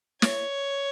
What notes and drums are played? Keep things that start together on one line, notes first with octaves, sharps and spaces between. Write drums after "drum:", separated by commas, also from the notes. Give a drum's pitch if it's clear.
C#5, drum: snare